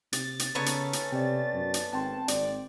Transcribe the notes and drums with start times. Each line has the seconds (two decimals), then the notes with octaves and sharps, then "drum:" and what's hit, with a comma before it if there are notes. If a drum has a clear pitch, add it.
0.13 C3 A6, drum: hi-hat
0.39 drum: hi-hat
0.55 C#3 A3 B3 C#4 A#5
0.66 drum: hi-hat
0.93 drum: hi-hat
1.12 C3 D5 G5
1.54 F#2
1.74 drum: hi-hat
1.93 G#1 C4 G5 A5 C6
2.28 G#1 D5, drum: hi-hat